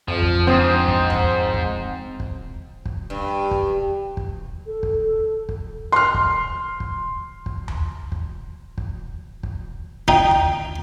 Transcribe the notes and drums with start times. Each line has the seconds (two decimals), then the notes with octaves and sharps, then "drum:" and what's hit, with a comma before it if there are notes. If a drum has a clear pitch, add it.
0.08 F2 F3
0.22 drum: kick
0.47 G#2 C4 C5 D#6
0.88 drum: kick
1.10 drum: tom D#2
1.54 drum: kick
2.20 drum: kick
2.85 drum: kick
3.10 G2
3.51 drum: kick
4.17 drum: kick
4.67 A4
4.83 drum: kick
5.49 drum: kick
5.92 C6 F6
6.14 drum: kick
6.80 drum: kick
7.46 drum: kick
7.68 drum: tom D#2
8.12 drum: kick
8.78 drum: kick
9.43 drum: kick
10.08 D#4 G5, drum: kick
10.31 drum: tom D#2